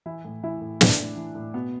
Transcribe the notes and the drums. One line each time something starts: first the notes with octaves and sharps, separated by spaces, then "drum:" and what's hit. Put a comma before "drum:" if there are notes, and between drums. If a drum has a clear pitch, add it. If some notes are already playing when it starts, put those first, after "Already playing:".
E3 E4
A2
E3 E4
A2
E3 D4, drum: snare
A2
E3
A2
B2 B3